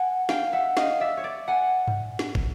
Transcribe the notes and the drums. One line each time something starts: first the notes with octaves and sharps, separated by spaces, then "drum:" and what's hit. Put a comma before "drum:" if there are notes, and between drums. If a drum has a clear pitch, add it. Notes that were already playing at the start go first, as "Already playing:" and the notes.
Already playing: F#5 G#5
F5 G5, drum: snare
E5 F#5
D#5 F5, drum: snare
D5 E5
C#5
D5
F#5 G#5
drum: tom G2
drum: snare
drum: kick